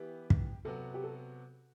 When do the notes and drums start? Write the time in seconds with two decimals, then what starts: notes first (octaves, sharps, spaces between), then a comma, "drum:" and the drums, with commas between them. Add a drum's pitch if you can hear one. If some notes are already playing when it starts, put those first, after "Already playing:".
Already playing: E3 B3 E4 G4
0.30 drum: kick
0.65 C3 F#3 B3 F#4 A4
0.94 G4
1.03 A4